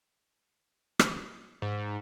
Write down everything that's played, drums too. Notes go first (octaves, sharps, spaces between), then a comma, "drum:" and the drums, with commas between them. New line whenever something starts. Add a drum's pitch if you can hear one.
drum: rim click
G#2